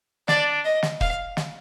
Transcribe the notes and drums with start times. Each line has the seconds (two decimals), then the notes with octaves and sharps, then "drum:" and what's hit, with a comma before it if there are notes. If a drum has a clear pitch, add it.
0.28 D4 D5, drum: snare
0.65 D#5
0.83 drum: snare
1.01 F5, drum: kick
1.37 drum: snare